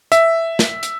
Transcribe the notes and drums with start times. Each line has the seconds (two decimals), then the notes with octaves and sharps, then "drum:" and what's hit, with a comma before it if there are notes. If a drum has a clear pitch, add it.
0.12 E5, drum: hi-hat
0.59 drum: snare
0.83 drum: hi-hat